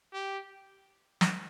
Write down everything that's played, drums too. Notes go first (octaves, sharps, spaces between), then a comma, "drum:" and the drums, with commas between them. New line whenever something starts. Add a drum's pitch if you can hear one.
G4
drum: snare